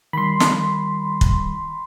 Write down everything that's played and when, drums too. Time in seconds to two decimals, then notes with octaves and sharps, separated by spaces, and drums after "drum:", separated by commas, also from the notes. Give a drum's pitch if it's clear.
0.13 D#3 G3 B5 C6
0.40 drum: snare
1.21 drum: kick